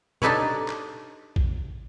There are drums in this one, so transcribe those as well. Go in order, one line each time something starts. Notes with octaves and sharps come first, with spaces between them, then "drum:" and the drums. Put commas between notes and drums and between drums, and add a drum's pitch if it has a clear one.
D4 D#4 G4 A4 B4 C#5, drum: tom
drum: clap
drum: kick